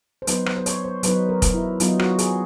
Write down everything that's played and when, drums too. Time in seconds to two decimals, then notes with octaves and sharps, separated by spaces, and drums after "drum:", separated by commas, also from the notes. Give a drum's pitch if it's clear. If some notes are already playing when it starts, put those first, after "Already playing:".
0.22 C5
0.27 F#3 B3 D#4 B4, drum: hi-hat
0.46 C5, drum: rim click
0.57 C5
0.66 C#5, drum: hi-hat
0.84 C5
1.03 F#3 B3 D#4 B4, drum: hi-hat
1.29 A#4
1.42 drum: kick, hi-hat
1.54 E4
1.80 F#3 B3 D#4 F4, drum: hi-hat
1.99 F#4, drum: rim click
2.19 G#4, drum: hi-hat